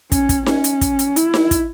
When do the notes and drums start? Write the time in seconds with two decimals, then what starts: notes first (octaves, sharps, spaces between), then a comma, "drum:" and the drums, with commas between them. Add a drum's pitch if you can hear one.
0.12 C#4, drum: kick, hi-hat
0.29 drum: kick, hi-hat
0.46 C#4, drum: snare D#4
0.64 drum: hi-hat
0.81 drum: kick, hi-hat
0.99 drum: hi-hat
1.16 E4, drum: hi-hat
1.34 drum: snare D#4
1.51 drum: kick, hi-hat